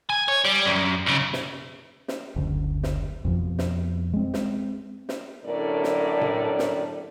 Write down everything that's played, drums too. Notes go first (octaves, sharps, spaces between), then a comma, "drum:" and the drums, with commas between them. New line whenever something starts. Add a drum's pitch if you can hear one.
G#5
C#5
G4 D5
F#2
B1 C#3
drum: snare
drum: snare
F#1 D2
drum: snare
F2 B2 F3
drum: snare
G#3 C4
drum: snare
drum: snare
F#2 A2 D3 A4 A#4 D5
drum: snare
drum: tom A2
drum: snare